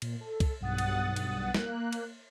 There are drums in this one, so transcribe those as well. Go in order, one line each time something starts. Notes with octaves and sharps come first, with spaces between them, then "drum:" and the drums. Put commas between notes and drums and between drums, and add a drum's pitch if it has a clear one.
A#2, drum: cymbal
A4
drum: kick C2, cymbal
B1 G2 F#5 D#6 F#6 A6
drum: cymbal
drum: cymbal
A#3 F#6, drum: snare
drum: cymbal